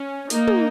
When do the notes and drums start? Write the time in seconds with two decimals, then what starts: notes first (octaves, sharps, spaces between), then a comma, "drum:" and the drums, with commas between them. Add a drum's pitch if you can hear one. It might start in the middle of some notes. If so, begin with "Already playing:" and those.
Already playing: C#4
0.30 A#3 D#4, drum: hi-hat
0.47 drum: tom